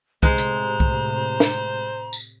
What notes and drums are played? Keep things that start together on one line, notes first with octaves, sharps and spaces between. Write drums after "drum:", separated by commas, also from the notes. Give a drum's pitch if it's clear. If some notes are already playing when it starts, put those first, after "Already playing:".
A2 C3 G#3 C5 A#5, drum: kick C2
drum: hi-hat
drum: kick C2
drum: snare
drum: tambourine